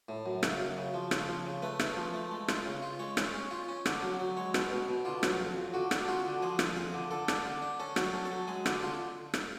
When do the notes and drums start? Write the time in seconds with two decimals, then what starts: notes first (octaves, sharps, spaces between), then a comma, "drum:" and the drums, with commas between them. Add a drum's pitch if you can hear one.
0.09 A2
0.26 F#2
0.43 C#3, drum: rim click
0.60 F#2
0.76 C#3
0.94 F3
1.11 C#3, drum: rim click
1.28 F3
1.46 C#3
1.62 A3 B4
1.79 A3, drum: rim click
1.97 F3
2.14 A3
2.31 G#3
2.48 F4, drum: rim click
2.65 C#3
2.82 F4
2.99 G#3 C#5
3.17 C#4, drum: rim click
3.34 C#4
3.51 F4
3.68 C#4
3.86 D3, drum: rim click
4.02 F#3
4.19 F#3
4.37 G#3 C#5
4.54 B2, drum: rim click
4.71 B2
4.88 B2
5.05 D3 F4
5.23 F#3, drum: rim click
5.39 F2
5.56 F2
5.73 D3 F#4
5.91 D4, drum: rim click
6.08 F4 F#4
6.25 D3
6.42 F3 G#4
6.59 F3, drum: rim click
6.76 F2 G#4
6.94 D3
7.11 D3 A4
7.28 D4, drum: rim click
7.45 D3
7.62 D4
7.80 C#4 A4
7.96 F#3, drum: rim click
8.02 A4
8.14 C#4
8.25 A4
8.31 F#3
8.48 G#3 G#4
8.66 D3, drum: rim click
8.82 D3 F4
9.34 drum: rim click